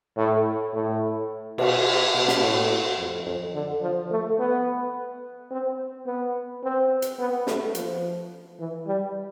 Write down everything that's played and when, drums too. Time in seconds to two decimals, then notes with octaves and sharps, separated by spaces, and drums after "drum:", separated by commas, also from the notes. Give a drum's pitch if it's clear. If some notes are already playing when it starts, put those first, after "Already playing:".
0.17 A2
0.73 A2
1.58 B2, drum: cymbal
2.14 B2
2.28 drum: snare
2.41 A2
2.99 F2
3.26 F2
3.54 D3
3.82 F3
4.11 A3
4.39 B3
5.51 C4
6.06 B3
6.63 C4
7.02 drum: hi-hat
7.19 B3
7.47 A3, drum: snare
7.75 F3, drum: hi-hat
8.59 E3
8.87 G3